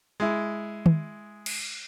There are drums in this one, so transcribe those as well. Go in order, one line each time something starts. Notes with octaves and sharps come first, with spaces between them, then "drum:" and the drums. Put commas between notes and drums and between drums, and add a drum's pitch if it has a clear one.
G#3 E4
drum: tom
drum: cymbal